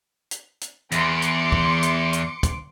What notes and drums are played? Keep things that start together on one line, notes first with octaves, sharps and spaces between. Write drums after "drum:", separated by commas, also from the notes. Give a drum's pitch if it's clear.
drum: hi-hat
drum: hi-hat
E2 C6 D6 C#7, drum: hi-hat
drum: hi-hat
drum: kick
drum: hi-hat
drum: hi-hat
drum: kick, hi-hat